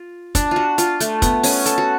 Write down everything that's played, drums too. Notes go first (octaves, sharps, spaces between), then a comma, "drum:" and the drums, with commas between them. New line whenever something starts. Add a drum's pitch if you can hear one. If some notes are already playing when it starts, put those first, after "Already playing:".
Already playing: F4
D4, drum: kick, hi-hat
F4 F#4
F4, drum: hi-hat
A3, drum: hi-hat
B3, drum: kick, hi-hat
C#4, drum: open hi-hat
A4, drum: hi-hat
F#4